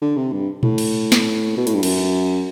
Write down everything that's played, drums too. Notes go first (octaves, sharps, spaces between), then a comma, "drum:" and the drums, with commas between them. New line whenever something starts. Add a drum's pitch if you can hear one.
D3
C3
G2
A2, drum: tom A#2
drum: cymbal
drum: snare
B2
A2, drum: hi-hat
G2
F#2, drum: cymbal